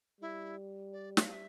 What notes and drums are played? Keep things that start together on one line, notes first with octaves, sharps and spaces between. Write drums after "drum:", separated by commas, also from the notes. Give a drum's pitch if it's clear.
G3 E4
D5
E5, drum: snare
F5
E5